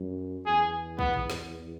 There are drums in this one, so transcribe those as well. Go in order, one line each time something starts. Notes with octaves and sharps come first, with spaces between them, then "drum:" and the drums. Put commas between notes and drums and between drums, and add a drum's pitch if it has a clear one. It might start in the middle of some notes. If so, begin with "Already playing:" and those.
Already playing: F#2
E2 G#4
B3, drum: kick
drum: tom
drum: snare